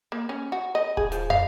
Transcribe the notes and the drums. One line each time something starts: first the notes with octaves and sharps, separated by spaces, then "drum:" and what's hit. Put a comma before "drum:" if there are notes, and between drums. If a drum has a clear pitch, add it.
A#3
C#4
F#4
D#5
G#4, drum: kick D#1
F3, drum: hi-hat
F5, drum: tom